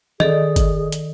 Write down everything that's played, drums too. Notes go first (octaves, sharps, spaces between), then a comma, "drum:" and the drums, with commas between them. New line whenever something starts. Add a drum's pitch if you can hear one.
D#3 G#4 A4 D5 D#5, drum: tom E3
drum: kick G1, hi-hat
drum: hi-hat